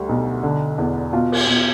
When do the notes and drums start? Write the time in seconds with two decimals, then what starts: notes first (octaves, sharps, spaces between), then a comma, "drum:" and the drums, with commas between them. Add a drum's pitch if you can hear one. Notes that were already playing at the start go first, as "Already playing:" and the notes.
Already playing: D2 G3
0.09 B1
0.43 D3
0.78 E2
1.13 B2 F4
1.32 drum: cymbal
1.47 B2